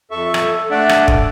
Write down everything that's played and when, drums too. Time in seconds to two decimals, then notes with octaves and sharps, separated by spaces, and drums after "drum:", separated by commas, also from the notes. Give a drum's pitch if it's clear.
0.11 F2 A4 E5 C#6
0.34 drum: rim click
0.71 A3 D4 D5 E5 F#5
0.89 drum: rim click
1.08 drum: kick